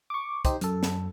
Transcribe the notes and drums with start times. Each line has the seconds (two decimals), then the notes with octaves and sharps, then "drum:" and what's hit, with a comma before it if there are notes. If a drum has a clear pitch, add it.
0.10 C#6 D6
0.45 D#4 G4 C5, drum: kick, hi-hat
0.61 F#2 A4, drum: hi-hat
0.83 drum: snare